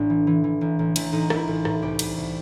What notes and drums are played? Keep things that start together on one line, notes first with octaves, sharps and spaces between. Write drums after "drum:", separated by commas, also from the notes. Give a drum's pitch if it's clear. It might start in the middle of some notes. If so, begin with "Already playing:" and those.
Already playing: A1 A2 D4
E3
E3
E3
A1
A1
A1, drum: cymbal
A1 D#4
A1, drum: rim click
E4
A1
A2, drum: rim click
C2 G4
C2, drum: cymbal
C2